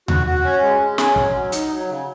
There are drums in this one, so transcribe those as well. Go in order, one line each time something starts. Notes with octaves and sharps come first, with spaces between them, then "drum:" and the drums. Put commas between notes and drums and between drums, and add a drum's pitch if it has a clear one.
F#4, drum: tom D#2
F#4
C#4
G#3
G#3
C#4, drum: snare
F#3, drum: kick
F#3
D#4, drum: hi-hat
F#3
C#3